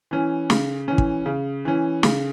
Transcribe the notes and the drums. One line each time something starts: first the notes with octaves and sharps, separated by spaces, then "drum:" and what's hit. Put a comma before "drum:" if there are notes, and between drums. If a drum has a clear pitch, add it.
E3 C#4
C#3, drum: snare
E3 C#4
drum: kick
C#3
E3 C#4
C#3, drum: snare